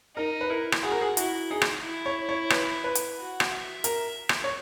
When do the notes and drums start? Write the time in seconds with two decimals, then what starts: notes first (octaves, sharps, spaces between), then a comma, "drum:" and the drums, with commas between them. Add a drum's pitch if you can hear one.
0.17 D#4 A#4
0.41 B4
0.50 E4 A#4
0.72 drum: rim click
0.83 F#4 G#4
0.92 A#4
1.01 G#4
1.17 E4 F#4, drum: hi-hat
1.50 D#4 G#4
1.62 drum: rim click
1.84 E4
2.06 C#5
2.29 C#5
2.50 B4, drum: rim click
2.84 B4
2.95 drum: hi-hat
3.18 F#4
3.40 drum: rim click
3.52 E5
3.84 A#4, drum: hi-hat
4.29 drum: rim click
4.44 C#5